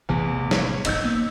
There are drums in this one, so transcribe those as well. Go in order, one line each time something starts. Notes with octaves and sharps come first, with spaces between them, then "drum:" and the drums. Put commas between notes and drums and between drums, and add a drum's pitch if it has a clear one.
A1 E2 C3 E3
C#5, drum: snare
D#1 G#1 D#4 E6 G6, drum: cymbal
A#3 B3